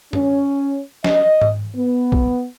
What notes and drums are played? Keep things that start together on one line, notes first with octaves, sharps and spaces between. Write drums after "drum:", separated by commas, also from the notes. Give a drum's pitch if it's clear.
C#4, drum: tom
D#5, drum: snare
drum: tom G#2
B3
drum: kick